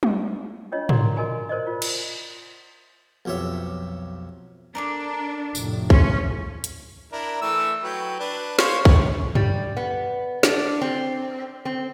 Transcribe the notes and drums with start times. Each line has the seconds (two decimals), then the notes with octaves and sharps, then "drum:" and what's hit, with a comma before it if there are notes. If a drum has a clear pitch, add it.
0.03 drum: tom
0.72 C#4 D4 F4 C#5 D#5
0.89 A#4 D5 F#5 A#5 C6, drum: tom
1.16 F#4 A#4 D#5 G#5 B5
1.49 A#4 C5 D5 D#5
1.67 F4
1.82 drum: cymbal
3.25 B1 F2 G4 C#5 E5
4.75 A#3 D4 A4 A#4
5.55 F1 A2, drum: tambourine
5.90 C#4 C6, drum: kick
6.64 drum: hi-hat
7.12 D4 E4 A#4
7.42 E3 A3 E6
7.83 F#3 B4 G5
8.20 D4 B4
8.59 C5 C#5 F5, drum: snare
8.85 C#5, drum: kick
9.35 G3, drum: tom F#2
9.77 B3
10.43 D4, drum: snare
10.81 C4
11.65 C4